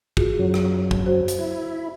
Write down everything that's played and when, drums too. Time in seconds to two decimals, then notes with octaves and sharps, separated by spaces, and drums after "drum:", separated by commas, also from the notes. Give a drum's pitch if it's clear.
0.17 F4 F#4 G#4, drum: kick
0.39 F#2 F#3
0.54 drum: rim click
0.91 drum: kick
1.06 F#4 C5
1.28 drum: hi-hat
1.39 E4